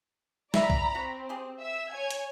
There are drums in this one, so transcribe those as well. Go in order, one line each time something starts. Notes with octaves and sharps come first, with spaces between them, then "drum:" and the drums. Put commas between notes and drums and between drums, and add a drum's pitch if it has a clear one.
E3 D5 E5 A#5 B5, drum: snare
drum: kick B1
C4 F#4
G4 G#4
E5 E6
C#5 G#5 G#6
drum: hi-hat